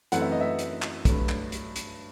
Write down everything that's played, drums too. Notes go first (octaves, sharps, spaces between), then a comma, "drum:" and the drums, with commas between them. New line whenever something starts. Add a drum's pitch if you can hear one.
F#2 E3 A3 C4 F#5, drum: hi-hat
E5
D#5
E5
drum: hi-hat
drum: clap
G2 F#3 A3, drum: kick, hi-hat
drum: clap
drum: hi-hat
drum: hi-hat